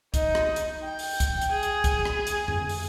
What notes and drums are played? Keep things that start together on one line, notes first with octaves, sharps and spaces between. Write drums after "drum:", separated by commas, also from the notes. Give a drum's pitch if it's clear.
D#4, drum: kick C2, hi-hat
drum: rim click
drum: hi-hat
G5
drum: open hi-hat
drum: kick C2, hi-hat
drum: hi-hat
G#4
drum: hi-hat
drum: kick C2, hi-hat
drum: rim click
drum: hi-hat
drum: tom F2
drum: open hi-hat